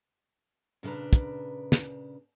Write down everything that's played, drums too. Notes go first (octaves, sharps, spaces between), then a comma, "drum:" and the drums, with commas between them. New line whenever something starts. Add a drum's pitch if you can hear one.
A#2 C#3 D4 B4 A#5
drum: kick, hi-hat
drum: snare